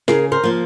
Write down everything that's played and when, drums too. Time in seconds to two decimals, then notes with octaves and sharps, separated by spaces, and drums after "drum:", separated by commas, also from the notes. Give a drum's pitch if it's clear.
0.08 C#3 G#4 A#4, drum: snare
0.32 A#4 C5
0.44 F3 A#3